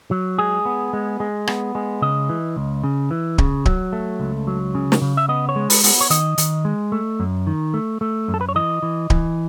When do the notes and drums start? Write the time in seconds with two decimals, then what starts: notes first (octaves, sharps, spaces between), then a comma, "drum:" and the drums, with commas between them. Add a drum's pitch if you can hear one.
0.11 F#3
0.38 G#3 G#4
0.65 B3
0.93 G#3
1.20 G#3
1.47 B3, drum: rim click
1.75 G#3
2.02 C#3 D#5
2.29 E3
2.56 C#2
2.83 C#3
3.11 E3
3.38 C#3, drum: kick D1
3.66 F#3, drum: kick D1
3.93 A3
4.20 C#2
4.47 F#3
4.75 C#3
4.92 drum: snare
5.01 C#3
5.17 E5
5.29 B3 D#5
5.49 C#5
5.56 G#3
5.70 B4, drum: open hi-hat
5.84 B3, drum: open hi-hat
6.01 C#5
6.10 D#3 D#5, drum: hi-hat
6.38 D#3, drum: hi-hat
6.65 G#3
6.92 A3
7.20 F#2
7.47 D#3
7.74 A3
8.01 A3
8.28 F#2
8.34 A4
8.41 B4
8.49 C#5
8.56 E3 D#5
8.82 E3
9.10 E3, drum: kick D1